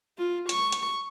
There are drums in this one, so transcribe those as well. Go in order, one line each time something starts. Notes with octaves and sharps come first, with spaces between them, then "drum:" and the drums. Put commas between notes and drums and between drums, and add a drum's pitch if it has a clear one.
F4
C#6, drum: hi-hat
drum: hi-hat